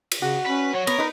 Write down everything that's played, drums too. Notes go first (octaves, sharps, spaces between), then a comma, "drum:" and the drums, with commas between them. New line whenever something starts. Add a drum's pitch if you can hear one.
drum: cymbal
C#3 F#4
C#4 B4
F#3 C#5 F#5
B3 A#4, drum: cymbal
D#4 B4